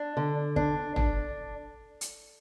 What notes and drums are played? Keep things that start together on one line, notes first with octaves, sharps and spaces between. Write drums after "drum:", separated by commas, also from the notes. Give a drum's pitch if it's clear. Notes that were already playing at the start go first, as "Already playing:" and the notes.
Already playing: D4
D3
D4, drum: kick
D4, drum: tom
drum: hi-hat